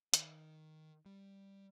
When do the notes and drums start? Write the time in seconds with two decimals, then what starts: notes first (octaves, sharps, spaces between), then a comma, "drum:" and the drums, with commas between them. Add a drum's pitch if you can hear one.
0.14 D#3, drum: hi-hat
1.06 G3